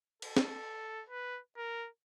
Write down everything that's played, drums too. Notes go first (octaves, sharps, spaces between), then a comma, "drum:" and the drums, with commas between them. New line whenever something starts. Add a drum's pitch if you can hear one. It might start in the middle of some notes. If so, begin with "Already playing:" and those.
A4, drum: cymbal
drum: snare
B4
A#4